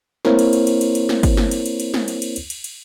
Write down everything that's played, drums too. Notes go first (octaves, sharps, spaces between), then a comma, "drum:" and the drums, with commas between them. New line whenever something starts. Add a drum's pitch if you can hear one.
A#3 C4 E4 A#4 C5 C#5, drum: snare
drum: cymbal
drum: cymbal
drum: cymbal
drum: cymbal
drum: cymbal
drum: snare
drum: kick, cymbal
drum: snare
drum: cymbal
drum: cymbal
drum: cymbal
drum: snare
drum: cymbal
drum: cymbal
drum: cymbal
drum: cymbal
drum: cymbal